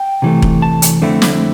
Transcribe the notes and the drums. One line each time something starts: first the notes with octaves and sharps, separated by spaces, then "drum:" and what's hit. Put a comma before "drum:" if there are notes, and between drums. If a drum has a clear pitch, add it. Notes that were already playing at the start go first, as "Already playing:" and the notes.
Already playing: G5
C3 E3 A3
drum: kick E1
A5
drum: hi-hat
F2 D3 A3 C4 E4
drum: snare